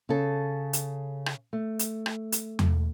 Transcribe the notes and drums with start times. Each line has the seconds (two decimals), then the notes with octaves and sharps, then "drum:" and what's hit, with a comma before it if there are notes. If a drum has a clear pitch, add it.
0.09 C#3 A4
0.73 drum: hi-hat
1.26 drum: rim click
1.53 A3
1.79 drum: hi-hat
2.06 drum: rim click
2.32 drum: hi-hat
2.59 drum: tom E2